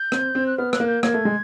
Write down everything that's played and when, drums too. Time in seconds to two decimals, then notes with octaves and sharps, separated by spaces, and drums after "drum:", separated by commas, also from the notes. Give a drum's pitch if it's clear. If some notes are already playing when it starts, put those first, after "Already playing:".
Already playing: G6
0.12 C4, drum: rim click
0.35 C4
0.47 F#6
0.58 B3 F6
0.73 F#6, drum: rim click
0.80 A#3
0.88 G6
1.03 A#3 G#6, drum: rim click
1.14 A3
1.25 G#3